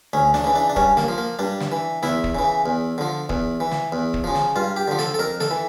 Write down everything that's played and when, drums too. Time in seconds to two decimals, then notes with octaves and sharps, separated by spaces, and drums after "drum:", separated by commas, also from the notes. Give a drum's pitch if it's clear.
0.13 D2 C#4
0.34 D4, drum: snare
0.44 C#3 E3
0.56 D4
0.69 D4
0.76 G2 C#4, drum: kick
0.97 A#3, drum: snare
1.08 F3
1.18 A#3
1.39 G2 D4
1.61 drum: snare
1.72 E3
2.03 E2 E4, drum: snare
2.24 drum: kick
2.35 C#3 E3
2.66 E2
2.98 D3 F3
3.29 E2, drum: kick
3.60 E3
3.72 drum: snare
3.92 E2
4.14 drum: kick
4.24 C#3 F3
4.35 drum: snare
4.56 G2 F4
4.76 G4
4.88 D3 F3
4.99 A4, drum: snare
5.14 A4
5.19 F2 A#4
5.40 A4, drum: snare
5.51 E3